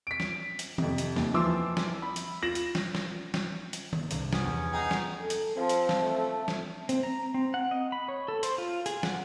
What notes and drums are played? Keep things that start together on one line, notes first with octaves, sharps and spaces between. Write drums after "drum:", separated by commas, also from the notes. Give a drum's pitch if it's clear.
B6 D7
drum: snare
drum: hi-hat
F2 C3, drum: tom D#3
drum: hi-hat
D#2, drum: snare
E3 F3 F4 C6 D6 E6
drum: snare
B5
drum: hi-hat
F4 A#6 E7 F#7
drum: hi-hat
drum: snare
drum: snare
drum: snare
drum: hi-hat
drum: tom D#3
C2 G2, drum: hi-hat
B3 C#4 G#5, drum: snare
E2
D#4 G#4 F#5 G5
drum: snare
A4
drum: hi-hat
F3 C4
drum: hi-hat
drum: snare
A3
drum: snare
C4, drum: hi-hat
A#5
C4
F#5
D#5
B5
C#5
A4
C5, drum: hi-hat
F4
G#4, drum: hi-hat
F#5, drum: snare